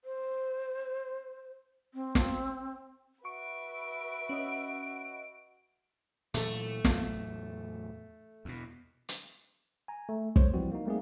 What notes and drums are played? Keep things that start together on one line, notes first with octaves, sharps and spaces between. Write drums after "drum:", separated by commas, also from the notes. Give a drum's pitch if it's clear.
C5
C4
drum: snare
F#4 B4 E5 C#6 D7
C#4 D#5
A#2 E3 F#3 A3 A4, drum: hi-hat
E2 A2 F#3, drum: snare
E2 B2
drum: hi-hat
G#5 A#5
A3
C5 C#5, drum: kick
E3 F3 G3 C4 F#4
A#3 D#4
G3 A3 A#3 C4 D#4 G#4